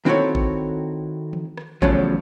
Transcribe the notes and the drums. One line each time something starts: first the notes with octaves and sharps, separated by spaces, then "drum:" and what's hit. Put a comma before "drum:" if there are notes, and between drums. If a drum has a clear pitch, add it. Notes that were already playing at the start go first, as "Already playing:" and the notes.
D#3 C4 E4 F#4 A4 C#5
drum: kick G#1
drum: tom E3
drum: rim click
E2 A2 C#3 F3 F#3, drum: kick G#1